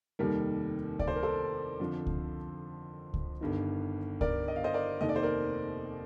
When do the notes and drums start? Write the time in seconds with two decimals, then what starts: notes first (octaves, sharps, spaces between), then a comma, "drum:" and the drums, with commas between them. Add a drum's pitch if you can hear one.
0.19 F1 D#2 D#3 G3 A#4
0.99 D5, drum: kick C#2
1.07 C5
1.16 A#4
1.23 A4 C5
1.80 F2 D3 F3
2.07 drum: kick C#2
3.14 drum: kick C#2
3.41 G1 G2 D#3
4.21 A#4 D5, drum: kick C#2
4.48 D#5
4.56 F5
4.64 C5 D#5
4.74 A#4 D5
5.01 F1 D#2 D#3 D#5
5.09 D5
5.16 C5
5.23 A#4 D5